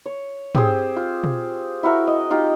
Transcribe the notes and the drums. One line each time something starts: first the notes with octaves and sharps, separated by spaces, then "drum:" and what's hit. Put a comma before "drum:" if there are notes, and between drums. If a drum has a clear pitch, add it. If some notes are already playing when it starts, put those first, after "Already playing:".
C#5
C4 G4 G#4 C5, drum: tom
F4
drum: tom
E4 F#4 A#4 E5
D#5
D#4 F4 G4